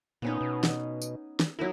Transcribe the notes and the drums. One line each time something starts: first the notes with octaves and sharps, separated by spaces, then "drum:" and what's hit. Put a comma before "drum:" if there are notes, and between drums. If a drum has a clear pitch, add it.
A#2 B3 C#4 D#4
B2
drum: snare
drum: tambourine
drum: snare
F#3 D#4 E4 A#4